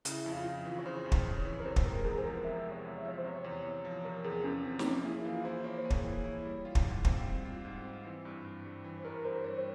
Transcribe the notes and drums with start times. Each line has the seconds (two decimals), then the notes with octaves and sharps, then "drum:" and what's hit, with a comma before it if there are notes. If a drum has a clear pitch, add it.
0.05 C#3 E4, drum: hi-hat
0.26 F2
0.32 F4
0.46 F2
0.58 F4
0.65 E3
0.79 C#5
0.86 C#3 C5
1.06 F2
1.12 C#5, drum: kick
1.25 F2
1.39 C#5
1.45 E3
1.60 A#4
1.65 C3 C5
1.76 C5, drum: kick
1.85 G#3 A#4
2.05 E2 G#4
2.18 C5
2.25 F3 A#4
2.45 C3 E5
2.66 G#3
2.72 C#5
2.84 E2
2.98 E5
3.05 F3 C#5
3.18 C5
3.24 C3 C#5
3.44 E2
3.64 E2
3.85 F3
4.05 C3 A#4
4.24 E2 G#4
4.44 E2 C#4
4.65 F3 C4
4.79 C4, drum: snare
4.85 A#3 C#4
5.05 E4 G#4
5.25 E3 F4
5.45 E4 C5
5.64 A#3 C#5
5.78 C5
5.85 G#4
5.90 C#5, drum: kick
6.04 E3
6.24 E4
6.45 G3
6.65 F4
6.75 drum: kick
6.84 G#2
7.05 C4, drum: kick
7.25 G3
7.45 F4
7.65 G#2
7.84 C4
8.05 E3
8.25 G2
8.45 G2
8.65 G3
8.84 E3
8.97 C5
9.04 G2 A#4
9.24 G2 C5
9.44 G3 C#5
9.58 C5